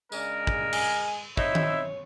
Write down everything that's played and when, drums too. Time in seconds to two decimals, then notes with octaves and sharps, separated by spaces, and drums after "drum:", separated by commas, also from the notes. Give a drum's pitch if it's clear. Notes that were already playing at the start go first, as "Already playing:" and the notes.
0.12 C#3 G#3 D4 A#4 D5, drum: tambourine
0.47 drum: kick
0.73 G#5, drum: cymbal
1.37 C4 D#4 E4 C#5 E5, drum: kick
1.55 drum: tom D#3